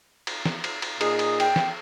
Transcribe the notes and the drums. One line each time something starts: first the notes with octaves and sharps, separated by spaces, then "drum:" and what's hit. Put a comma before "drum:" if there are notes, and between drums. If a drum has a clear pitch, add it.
drum: cymbal
drum: snare
drum: cymbal
drum: cymbal
A#2 D#4 G#4, drum: cymbal
drum: cymbal
G5, drum: cymbal
drum: snare